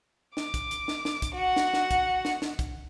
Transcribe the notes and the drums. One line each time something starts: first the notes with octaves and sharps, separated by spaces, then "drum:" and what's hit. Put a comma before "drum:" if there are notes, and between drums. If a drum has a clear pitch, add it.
D6, drum: snare
drum: kick, hi-hat
drum: hi-hat
drum: snare
drum: snare
drum: kick, hi-hat
F#4 F#5
drum: snare
drum: snare
drum: kick, hi-hat
drum: snare
drum: snare
drum: kick, hi-hat